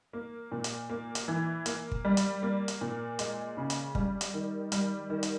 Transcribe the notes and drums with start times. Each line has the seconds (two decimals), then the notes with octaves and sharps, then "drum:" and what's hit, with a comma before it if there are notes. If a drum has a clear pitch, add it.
0.13 A#3
0.52 A#2
0.64 drum: hi-hat
0.89 A#3
1.15 drum: hi-hat
1.28 E3
1.66 A#3, drum: hi-hat
1.92 drum: kick
2.05 G3
2.17 drum: hi-hat
2.42 A#3
2.68 drum: hi-hat
2.81 A#2
3.19 G#3, drum: hi-hat
3.57 C#3
3.70 drum: hi-hat
3.95 G3, drum: kick
4.21 drum: hi-hat
4.34 D#3
4.72 G3, drum: hi-hat
5.10 D#3
5.23 drum: hi-hat